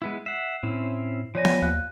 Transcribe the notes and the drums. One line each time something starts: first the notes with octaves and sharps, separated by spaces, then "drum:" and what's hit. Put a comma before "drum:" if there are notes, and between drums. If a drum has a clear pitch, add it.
G#3 B3 E4
E5 F#5 C7
A2 C4 C#4 E4
F3 B3 C#5 D5 G#5 A#6
drum: snare B3
D#2 F5 F#6